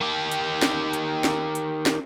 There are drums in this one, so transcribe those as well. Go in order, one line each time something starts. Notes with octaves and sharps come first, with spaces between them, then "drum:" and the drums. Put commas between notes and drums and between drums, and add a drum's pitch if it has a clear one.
D#3 G4
drum: hi-hat
drum: snare
drum: hi-hat
drum: snare
drum: hi-hat
drum: snare